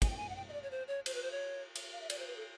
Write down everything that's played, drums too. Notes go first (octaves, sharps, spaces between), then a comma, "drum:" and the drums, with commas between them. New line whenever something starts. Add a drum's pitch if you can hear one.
G#5, drum: kick, cymbal
G5
G#5
F#5
G5
D#5
D5
C#5
C5
C#5
C5, drum: cymbal
B4
C5
C#5
drum: cymbal
F5
E5
D5, drum: cymbal
C5
B4
A4